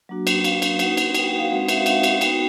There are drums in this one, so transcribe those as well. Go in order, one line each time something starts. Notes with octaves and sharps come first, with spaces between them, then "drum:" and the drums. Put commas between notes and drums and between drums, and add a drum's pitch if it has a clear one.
F#3 A#3 D4 F#4
drum: cymbal
F5, drum: cymbal
drum: cymbal
A#3 D#4 F#4 F#5, drum: cymbal
drum: cymbal
G5, drum: cymbal
F5
G#3 C4 D#4 F#4 F#5
F#5
E5, drum: cymbal
F5
F#5, drum: cymbal
drum: cymbal
B3 D#4 F#4 G5, drum: cymbal